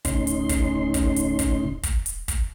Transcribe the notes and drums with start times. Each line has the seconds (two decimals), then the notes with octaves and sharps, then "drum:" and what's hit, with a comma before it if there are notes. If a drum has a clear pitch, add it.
0.05 D2 A2 C#3 C#4 D#4 C6, drum: kick, hi-hat
0.27 drum: hi-hat
0.49 drum: kick, hi-hat
0.94 drum: kick, hi-hat
1.16 drum: hi-hat
1.39 drum: kick, hi-hat
1.83 drum: kick, hi-hat
2.06 drum: hi-hat
2.28 drum: kick, hi-hat